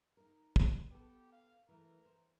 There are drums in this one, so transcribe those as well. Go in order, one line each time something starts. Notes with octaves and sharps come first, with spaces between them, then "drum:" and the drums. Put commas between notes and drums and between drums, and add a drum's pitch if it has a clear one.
D#4 A#4
drum: kick
B3 G4 A4
F5
E3 A3 A#4
C5